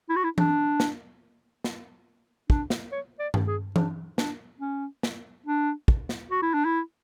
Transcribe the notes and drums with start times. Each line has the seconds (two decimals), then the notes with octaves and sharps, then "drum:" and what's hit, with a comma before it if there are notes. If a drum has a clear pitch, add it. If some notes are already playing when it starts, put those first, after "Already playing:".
0.09 E4
0.16 F#4
0.24 E4
0.38 D4, drum: tom E3
0.80 drum: snare
1.64 drum: snare
2.50 D4, drum: kick
2.70 drum: snare
2.92 C#5
3.19 D5
3.34 drum: tom G2
3.47 G#4
3.76 D4, drum: tom E3
4.18 D4, drum: snare
4.60 C#4
5.03 drum: snare
5.46 D4
5.88 drum: kick
6.09 drum: snare
6.31 F#4
6.42 E4
6.54 D4
6.65 E4